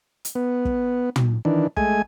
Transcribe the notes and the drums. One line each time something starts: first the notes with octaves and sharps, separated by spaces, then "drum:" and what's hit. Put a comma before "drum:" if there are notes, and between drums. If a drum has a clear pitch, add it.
drum: hi-hat
B3
drum: kick
drum: tom
D#3 E3 D4
G#3 A3 G#5, drum: kick